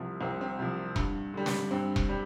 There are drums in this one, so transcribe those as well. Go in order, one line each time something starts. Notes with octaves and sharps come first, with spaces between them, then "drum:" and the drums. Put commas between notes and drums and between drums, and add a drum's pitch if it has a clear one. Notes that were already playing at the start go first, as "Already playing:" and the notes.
Already playing: C2 C3 F3
C2 C4
C4
C3 F3
G2, drum: kick E1
D3 G3
drum: snare
G2 C4
drum: kick E1
G3